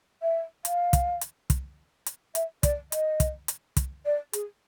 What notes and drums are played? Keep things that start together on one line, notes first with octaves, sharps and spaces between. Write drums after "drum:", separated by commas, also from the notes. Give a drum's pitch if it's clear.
E5
F5, drum: hi-hat
drum: kick, hi-hat
drum: hi-hat
drum: kick, hi-hat
drum: hi-hat
E5, drum: hi-hat
D5, drum: kick, hi-hat
D#5, drum: hi-hat
drum: kick, hi-hat
drum: hi-hat
drum: kick, hi-hat
D5
G#4, drum: hi-hat